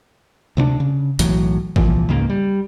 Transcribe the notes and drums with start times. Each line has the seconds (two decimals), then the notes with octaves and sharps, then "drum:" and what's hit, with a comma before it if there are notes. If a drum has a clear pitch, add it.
0.57 D2 C3 C4 D4
0.80 C#3
1.19 B1 A2 E3 F#3, drum: hi-hat
1.76 C2 A#2 E3 F3, drum: kick
2.09 C#2 G#2 C#3 A#3
2.30 G3